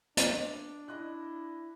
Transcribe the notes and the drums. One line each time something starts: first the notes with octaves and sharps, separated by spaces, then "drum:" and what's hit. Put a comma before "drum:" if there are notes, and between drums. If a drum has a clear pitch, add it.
D4, drum: hi-hat
E4 D#5 F#6